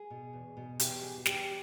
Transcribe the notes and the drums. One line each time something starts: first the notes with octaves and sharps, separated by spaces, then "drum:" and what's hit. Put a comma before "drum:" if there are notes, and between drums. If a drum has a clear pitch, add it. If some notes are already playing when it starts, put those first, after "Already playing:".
Already playing: G#4
B2
E2
B2
E2 G4, drum: hi-hat
B2 G#4
F#4
E2 G4, drum: snare